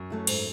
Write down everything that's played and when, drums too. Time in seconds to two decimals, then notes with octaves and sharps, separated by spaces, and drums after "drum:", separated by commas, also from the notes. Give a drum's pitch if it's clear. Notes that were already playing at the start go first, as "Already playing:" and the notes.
Already playing: F#2
0.10 F#3 A3 E4
0.27 G#2, drum: cymbal